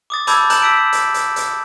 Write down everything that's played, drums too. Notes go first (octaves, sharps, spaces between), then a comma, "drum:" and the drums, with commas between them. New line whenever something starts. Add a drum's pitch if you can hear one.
D6 D#6 A6
A5 B5 D6 E6 G6 G#6, drum: hi-hat
A5 A#5 F#6 G6 E7 F#7, drum: hi-hat
E6 B6 D7
drum: hi-hat
drum: hi-hat
drum: hi-hat